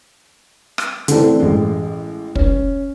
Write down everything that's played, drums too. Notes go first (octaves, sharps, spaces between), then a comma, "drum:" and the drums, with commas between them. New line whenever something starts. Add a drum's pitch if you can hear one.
drum: rim click
D3 E3 A3 C4 D4, drum: hi-hat
A1 G#3
C#4, drum: kick